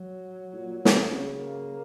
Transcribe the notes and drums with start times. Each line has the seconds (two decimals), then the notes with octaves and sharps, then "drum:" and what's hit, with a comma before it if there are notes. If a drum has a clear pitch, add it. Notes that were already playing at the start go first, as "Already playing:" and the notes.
Already playing: F#3
0.53 A2
0.58 A#2
0.85 C3, drum: snare
1.12 C#3
1.38 A#3